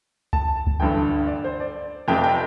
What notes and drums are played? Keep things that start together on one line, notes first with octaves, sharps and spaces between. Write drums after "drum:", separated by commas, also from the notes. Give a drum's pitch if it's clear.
A5, drum: kick C#2
drum: kick C#2
A1 G2 D3 G5
D5
C5
D5
F1 F2 C3 G5
G5